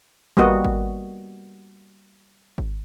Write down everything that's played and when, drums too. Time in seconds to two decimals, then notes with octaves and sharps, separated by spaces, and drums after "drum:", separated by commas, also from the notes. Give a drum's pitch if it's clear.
0.37 G3 A#3 B3 F#4 D#5, drum: kick G#1
0.65 drum: kick G#1
2.58 drum: kick G#1